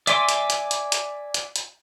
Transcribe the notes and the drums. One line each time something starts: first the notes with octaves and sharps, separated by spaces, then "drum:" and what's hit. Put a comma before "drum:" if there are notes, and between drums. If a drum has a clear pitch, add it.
D5 E5 G#5 C6 D6, drum: hi-hat
drum: hi-hat
drum: hi-hat
drum: hi-hat
drum: hi-hat
drum: hi-hat
drum: hi-hat